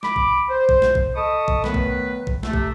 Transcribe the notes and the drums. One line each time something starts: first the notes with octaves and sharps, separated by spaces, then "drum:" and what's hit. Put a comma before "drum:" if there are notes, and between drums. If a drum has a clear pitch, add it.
B5 D6, drum: snare
drum: kick
C5
drum: kick
drum: snare
drum: kick
A4 D#5 A5 B5 C#6 D#6
drum: kick
D#3 F#3 A3 B3 B4, drum: snare
drum: kick
drum: kick
C3 A3, drum: snare
drum: kick